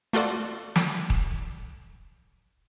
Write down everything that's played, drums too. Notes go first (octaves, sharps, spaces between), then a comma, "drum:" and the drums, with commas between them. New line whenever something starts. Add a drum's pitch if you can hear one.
A3 F4 F#4 A4 D5
drum: snare
drum: kick D#1